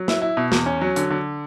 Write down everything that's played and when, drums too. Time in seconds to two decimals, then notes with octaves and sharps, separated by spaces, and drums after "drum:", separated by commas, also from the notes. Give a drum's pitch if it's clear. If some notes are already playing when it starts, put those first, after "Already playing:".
Already playing: F#3
0.08 E4, drum: snare
0.22 E4
0.37 B2
0.52 E2, drum: snare
0.66 C#4
0.81 F#3
0.96 D3, drum: hi-hat
1.10 D3